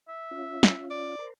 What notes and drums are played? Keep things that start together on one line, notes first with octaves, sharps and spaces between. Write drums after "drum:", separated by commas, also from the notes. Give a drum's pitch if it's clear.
E5
C#4 F4
drum: snare
D5
A#4 C5